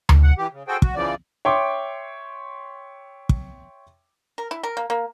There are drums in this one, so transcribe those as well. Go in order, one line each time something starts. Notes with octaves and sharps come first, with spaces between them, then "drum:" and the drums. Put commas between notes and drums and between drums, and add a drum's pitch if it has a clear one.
drum: tom D2
F#5
E3 G4
C#3
F#4 G#4 A4 C5 G5
F#4, drum: kick
C#3 E3 F3 D5
C#5 E5 G5 C6 D6
drum: kick
A#4
E4
A#4
A#3
A#3